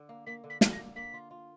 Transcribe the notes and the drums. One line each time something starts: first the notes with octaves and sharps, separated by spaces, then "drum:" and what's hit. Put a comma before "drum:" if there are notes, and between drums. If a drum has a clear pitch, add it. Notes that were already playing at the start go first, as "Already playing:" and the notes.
Already playing: D3
A#3
A#3 B6
D3
B6
D3, drum: snare
A#6
A#3
A#3 B6
F4
F4